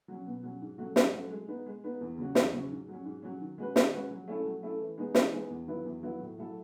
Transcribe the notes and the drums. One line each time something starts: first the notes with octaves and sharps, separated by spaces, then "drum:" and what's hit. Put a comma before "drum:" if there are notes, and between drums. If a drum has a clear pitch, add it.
F#3 C#4
B2
F#3 C#4
G#2
F#3 A3 C#4 F#4
G#2, drum: snare
F#3 A3 C#4 F#4
G#3
B3 D#4
G#3
B3 D#4
E2
C#3 F#3 C#4 F#4
E2, drum: snare
C#3 F#3 C#4 F#4
G#2
F#3 C#4
G#2
F#3 C#4
D#3
G#3 C#4 F#4 B4
D#3, drum: snare
G#3 C#4 F#4 B4
F#3
A3 C#4 E4 A4
F#3
A3 C#4 E4 A4
E3
G#3 B3 D#4 G#4
E3, drum: snare
G#3 B3 D#4 G#4
E2
D#3 F#3 B3 E4
E2
D#3 F#3 B3 E4
A2
F#3 A3 E4 A4